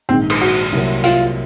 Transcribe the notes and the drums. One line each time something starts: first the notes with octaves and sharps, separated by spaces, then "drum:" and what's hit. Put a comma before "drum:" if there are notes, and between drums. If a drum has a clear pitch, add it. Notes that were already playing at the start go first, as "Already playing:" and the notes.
A#1 G#2 D#3 C4
drum: cymbal
F#4
C2 C3 F#3 A#3
F4, drum: open hi-hat